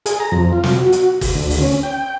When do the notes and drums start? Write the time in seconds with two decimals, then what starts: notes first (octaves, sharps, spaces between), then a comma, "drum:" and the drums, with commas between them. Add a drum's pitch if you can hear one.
0.06 G#4, drum: hi-hat
0.20 A#5
0.32 F2
0.53 F4
0.63 drum: snare
0.75 F#4
0.92 drum: hi-hat
1.21 drum: kick, open hi-hat
1.35 D2
1.50 drum: open hi-hat
1.62 C#4
1.83 G5